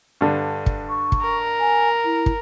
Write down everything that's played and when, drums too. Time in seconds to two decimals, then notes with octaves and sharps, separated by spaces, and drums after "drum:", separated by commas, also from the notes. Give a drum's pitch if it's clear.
0.21 G2 D3
0.66 drum: kick
0.89 C#6
1.12 drum: kick
1.21 A#4
1.60 G#5
2.05 E4
2.26 drum: kick